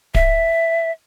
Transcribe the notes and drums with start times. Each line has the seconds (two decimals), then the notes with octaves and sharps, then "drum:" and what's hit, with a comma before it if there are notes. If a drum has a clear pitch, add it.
0.15 E5, drum: kick D1